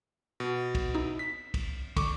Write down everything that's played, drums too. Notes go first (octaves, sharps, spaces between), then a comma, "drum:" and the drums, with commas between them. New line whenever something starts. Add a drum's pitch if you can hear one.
B2
drum: kick, cymbal
D#4 E4
B6
drum: kick, cymbal
D3 C#6 D6, drum: kick, cymbal